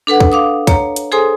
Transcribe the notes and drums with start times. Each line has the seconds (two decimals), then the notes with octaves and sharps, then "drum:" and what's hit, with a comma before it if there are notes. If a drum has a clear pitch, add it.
0.07 D4 A4 B4 F#5
0.20 drum: kick
0.32 F5 D6 D#6
0.67 C#5 A#5, drum: kick, hi-hat
0.96 drum: hi-hat
1.12 G#4 A4 C5 G#5 C6 D#6